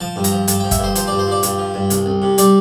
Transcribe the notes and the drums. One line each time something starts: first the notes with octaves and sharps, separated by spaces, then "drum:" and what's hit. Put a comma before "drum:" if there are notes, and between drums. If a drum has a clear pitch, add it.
F3 A5
G2
A#5, drum: hi-hat
F3
G2 A5, drum: hi-hat
F3 G5
E5, drum: kick, hi-hat
G2 C5
F3 C5, drum: hi-hat
G2 D5
C5
F3 D5
G2, drum: hi-hat
F3
G2
C2, drum: hi-hat
C2
C3
G3 D5, drum: hi-hat